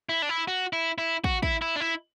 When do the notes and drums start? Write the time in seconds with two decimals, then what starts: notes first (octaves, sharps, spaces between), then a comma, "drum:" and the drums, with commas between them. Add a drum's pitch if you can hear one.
0.09 E4
0.22 D4
0.29 E4
0.48 F#4
0.73 E4
0.98 E4
1.24 F#4, drum: kick
1.43 E4, drum: kick
1.62 E4
1.76 D4
1.80 E4